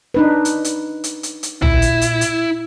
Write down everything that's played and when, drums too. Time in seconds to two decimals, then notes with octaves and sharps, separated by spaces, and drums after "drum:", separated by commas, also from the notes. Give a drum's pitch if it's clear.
0.14 D4 D#4 B4
0.45 drum: hi-hat
0.64 drum: hi-hat
1.04 drum: hi-hat
1.23 drum: hi-hat
1.43 drum: hi-hat
1.62 A#2 E4, drum: tom
1.82 drum: hi-hat
2.01 drum: hi-hat
2.21 drum: hi-hat